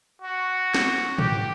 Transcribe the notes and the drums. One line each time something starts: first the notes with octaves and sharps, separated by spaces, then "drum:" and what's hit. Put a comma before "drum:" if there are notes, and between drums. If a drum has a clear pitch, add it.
F#4
drum: snare
G4, drum: tom